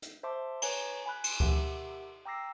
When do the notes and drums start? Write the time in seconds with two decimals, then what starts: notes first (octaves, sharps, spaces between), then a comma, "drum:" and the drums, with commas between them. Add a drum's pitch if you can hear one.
0.02 drum: hi-hat
0.23 C5 E5 A5 C6 D6
0.62 B4 C#5 G#5 A#5, drum: cymbal
1.06 G#5 B5 F#6
1.24 drum: cymbal
1.40 G4 A#4 E5 F#5, drum: kick D2
2.25 G5 A#5 D6 E6 A#6 C7